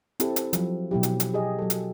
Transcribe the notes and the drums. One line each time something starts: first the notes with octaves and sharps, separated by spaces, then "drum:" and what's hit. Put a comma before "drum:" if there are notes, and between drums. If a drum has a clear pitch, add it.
C4 E4 G4 A4, drum: hi-hat
drum: hi-hat
F3 F#3, drum: hi-hat
B2 F#3 E4 G4
drum: hi-hat
drum: hi-hat
G4 G#4 D#5
F#3 A4
drum: hi-hat